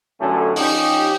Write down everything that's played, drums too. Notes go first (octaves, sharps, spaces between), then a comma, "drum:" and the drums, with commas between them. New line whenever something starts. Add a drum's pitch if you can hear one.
A1 F#2 A2 D3 A3 C#4
F3 C#4 D#4 G4, drum: open hi-hat